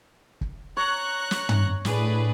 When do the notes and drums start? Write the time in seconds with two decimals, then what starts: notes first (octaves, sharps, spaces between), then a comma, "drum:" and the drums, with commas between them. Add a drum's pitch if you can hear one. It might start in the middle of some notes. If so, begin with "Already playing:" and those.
0.41 drum: kick
0.77 C#5 A#5 C#6 F#6
1.31 drum: snare
1.49 drum: tom
1.85 A2 D4 G#4 B4, drum: snare